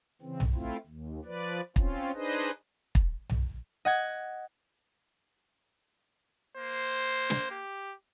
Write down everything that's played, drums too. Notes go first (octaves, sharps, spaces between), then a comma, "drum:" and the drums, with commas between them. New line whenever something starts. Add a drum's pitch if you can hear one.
C#3 E3 C4
drum: tom B1
A3 C4 E4 F4
D#2
F3 B4 D5
C4 C#4 F4, drum: kick
D4 D#4 G#4 B4 C5 D#5
drum: kick
drum: tom B1
D#5 F#5 G#6
A#3 C5
drum: snare
G4